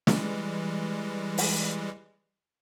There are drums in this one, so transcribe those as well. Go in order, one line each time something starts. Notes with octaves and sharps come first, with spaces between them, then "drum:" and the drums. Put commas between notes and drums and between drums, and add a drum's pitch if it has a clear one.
E3 G3 G#3, drum: snare
drum: open hi-hat